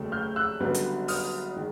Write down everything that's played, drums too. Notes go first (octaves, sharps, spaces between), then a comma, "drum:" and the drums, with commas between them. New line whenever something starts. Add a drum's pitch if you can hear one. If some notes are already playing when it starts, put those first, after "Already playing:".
Already playing: F1 D#2 C#3 F#3 A3
F6 G6
E6 F#6
F#1 F#2 D3 G3 B3
drum: hi-hat
D#6 F6, drum: open hi-hat
D#3 G#3